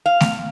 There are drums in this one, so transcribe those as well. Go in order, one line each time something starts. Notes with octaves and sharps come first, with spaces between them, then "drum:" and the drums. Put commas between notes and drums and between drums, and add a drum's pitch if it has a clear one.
F5
drum: snare A3